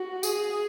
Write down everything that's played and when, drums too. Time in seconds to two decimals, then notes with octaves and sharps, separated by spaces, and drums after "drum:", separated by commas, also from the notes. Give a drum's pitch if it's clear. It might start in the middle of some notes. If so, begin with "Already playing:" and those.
Already playing: F#4
0.23 G#4, drum: tambourine